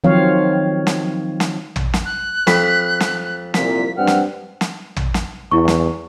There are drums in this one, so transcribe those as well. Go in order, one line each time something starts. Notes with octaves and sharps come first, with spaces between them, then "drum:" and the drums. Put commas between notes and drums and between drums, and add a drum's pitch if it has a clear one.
D#3 F3 F#3 C4 C#5 F5
drum: snare
drum: snare
drum: tom
drum: snare
F#6
F2 B5, drum: snare
drum: snare
C2 A#2 B6, drum: snare
G2 C4 F#5 F6
drum: snare
drum: snare
drum: tom
drum: snare
E2 E4 C#6
drum: snare